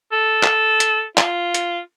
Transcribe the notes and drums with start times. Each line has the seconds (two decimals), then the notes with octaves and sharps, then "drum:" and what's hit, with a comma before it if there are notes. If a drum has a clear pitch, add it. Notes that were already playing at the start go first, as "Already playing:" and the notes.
0.12 A4
0.43 drum: clap
0.80 drum: hi-hat
1.17 F4, drum: clap
1.54 drum: hi-hat